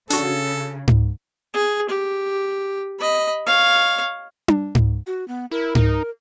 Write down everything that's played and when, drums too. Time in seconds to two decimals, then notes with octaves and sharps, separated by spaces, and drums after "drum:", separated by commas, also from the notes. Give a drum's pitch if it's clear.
0.10 C#3 D4 F#4 A4, drum: hi-hat
0.88 drum: tom G#2
1.54 G#4
1.89 G4
2.99 D#5 B5
3.46 C#5 F5
4.48 drum: tom D4
4.75 drum: tom G#2
5.07 F#4
5.28 B3
5.51 E4 A#4
5.75 D#4, drum: tom G#2